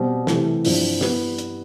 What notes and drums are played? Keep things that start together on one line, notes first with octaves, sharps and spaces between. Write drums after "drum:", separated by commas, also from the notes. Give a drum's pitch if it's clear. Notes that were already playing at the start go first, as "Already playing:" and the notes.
Already playing: B2 G3 C4 G4
C3 E3 A3, drum: snare
G2 F3 C4 E4, drum: open hi-hat
G3 B3 E4 B4, drum: snare
drum: hi-hat